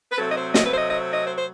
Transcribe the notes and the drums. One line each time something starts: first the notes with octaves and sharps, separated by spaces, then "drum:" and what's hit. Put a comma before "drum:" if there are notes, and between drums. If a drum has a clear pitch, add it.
B4
C3 F#3 A3 C4 A4
D#5
C5
D#5, drum: snare
B4
C5
D#5
D#5
D#5
C5
C5